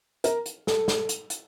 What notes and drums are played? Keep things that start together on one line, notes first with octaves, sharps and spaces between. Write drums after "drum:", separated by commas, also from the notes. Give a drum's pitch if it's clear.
A#4, drum: hi-hat
drum: hi-hat
A4, drum: snare
drum: snare
drum: hi-hat
drum: hi-hat